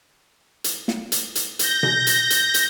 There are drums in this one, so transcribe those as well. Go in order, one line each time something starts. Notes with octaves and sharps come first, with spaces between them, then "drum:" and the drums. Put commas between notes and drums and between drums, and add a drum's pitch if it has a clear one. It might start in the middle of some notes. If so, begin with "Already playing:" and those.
drum: hi-hat
drum: snare
drum: hi-hat
drum: hi-hat
G6 A#6, drum: hi-hat
drum: tom B2
drum: hi-hat
drum: hi-hat
drum: hi-hat